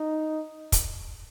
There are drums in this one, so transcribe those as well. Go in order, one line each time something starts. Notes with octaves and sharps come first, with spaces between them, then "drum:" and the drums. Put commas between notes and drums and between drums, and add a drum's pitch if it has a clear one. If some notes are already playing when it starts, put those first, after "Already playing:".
Already playing: D#4
drum: kick, hi-hat